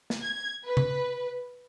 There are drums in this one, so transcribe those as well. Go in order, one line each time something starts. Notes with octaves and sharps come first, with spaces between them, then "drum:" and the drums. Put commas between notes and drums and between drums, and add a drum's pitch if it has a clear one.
drum: snare
G#6
B4
drum: tom C3